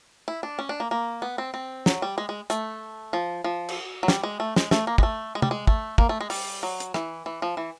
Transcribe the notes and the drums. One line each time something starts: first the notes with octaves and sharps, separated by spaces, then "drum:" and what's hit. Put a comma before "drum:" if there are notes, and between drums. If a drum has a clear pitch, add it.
E4
D4
C#4
D4
A#3
A#3
B3
C4
C4
F#3, drum: snare
G3
G#3
G#3
A3, drum: hi-hat
F3
F3
drum: cymbal
F#3
G3, drum: snare
G#3
A3
G#3, drum: snare
A3, drum: snare
A#3
G#3, drum: kick
A3
G#3
G3, drum: tom
G#3
A3, drum: kick
A#3, drum: kick
A3
G#3
G3, drum: open hi-hat
F#3
drum: hi-hat
E3, drum: rim click
E3
F3
E3